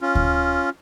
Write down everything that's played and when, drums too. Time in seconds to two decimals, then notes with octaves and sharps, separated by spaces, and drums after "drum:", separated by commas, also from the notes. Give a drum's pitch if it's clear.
0.01 C#4 F4
0.15 drum: kick D2